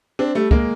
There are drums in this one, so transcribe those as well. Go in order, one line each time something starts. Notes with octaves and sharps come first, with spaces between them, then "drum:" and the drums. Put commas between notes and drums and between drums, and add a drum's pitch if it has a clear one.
C4 D4
G3 A3
G#3 A#3, drum: kick